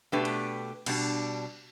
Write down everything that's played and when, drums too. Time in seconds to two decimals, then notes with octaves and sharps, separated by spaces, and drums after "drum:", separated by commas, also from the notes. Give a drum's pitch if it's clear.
0.12 B2 A3 D4 G4 B4
0.25 drum: cymbal
0.86 B2 G3 D4, drum: cymbal